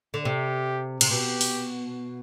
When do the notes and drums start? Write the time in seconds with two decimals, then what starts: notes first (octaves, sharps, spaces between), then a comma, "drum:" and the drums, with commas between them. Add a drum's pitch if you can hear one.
0.14 D3
0.25 C3 G4
1.01 C3, drum: cymbal
1.10 B2 G4
1.41 drum: open hi-hat